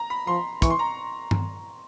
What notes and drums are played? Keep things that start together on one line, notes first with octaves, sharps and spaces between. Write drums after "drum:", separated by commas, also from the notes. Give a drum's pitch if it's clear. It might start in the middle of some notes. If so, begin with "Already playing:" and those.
Already playing: A#5
B5
F3 C6
E3 C#6, drum: kick, hi-hat
C6
A#5
drum: tom G2